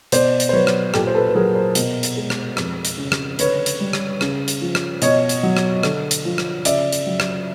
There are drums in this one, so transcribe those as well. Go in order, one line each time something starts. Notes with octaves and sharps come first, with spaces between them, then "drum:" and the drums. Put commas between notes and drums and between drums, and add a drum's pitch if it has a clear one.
B2 C5 D5, drum: hi-hat
drum: hi-hat
C5
F#3 B4 C#5
drum: rim click
A#2 G4 A4, drum: rim click
C5
A4 B4
B4
F#3 G#4 A#4
A#4 C5
B2, drum: hi-hat
drum: hi-hat
G#3
drum: rim click
F2, drum: rim click
drum: hi-hat
C#3
drum: rim click
D3 B4 C#5, drum: hi-hat
drum: hi-hat
G3
drum: rim click
C#3, drum: rim click
drum: hi-hat
F3
drum: rim click
B2 C#5 D#5, drum: hi-hat
drum: hi-hat
F#3
drum: rim click
D3, drum: rim click
drum: hi-hat
F3
drum: rim click
C#3 D5 E5, drum: hi-hat
drum: hi-hat
F#3
drum: rim click